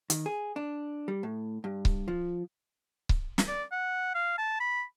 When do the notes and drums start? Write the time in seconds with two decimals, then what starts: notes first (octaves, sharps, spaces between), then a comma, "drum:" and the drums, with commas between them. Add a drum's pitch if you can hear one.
0.10 D#3, drum: hi-hat
0.26 G#4
0.56 D4
1.08 G3
1.23 A2
1.64 G2
1.85 drum: kick C#1
2.08 F3
3.09 drum: kick C#1
3.38 drum: snare
3.48 D5
3.72 F#5
4.15 F5
4.38 A5
4.60 B5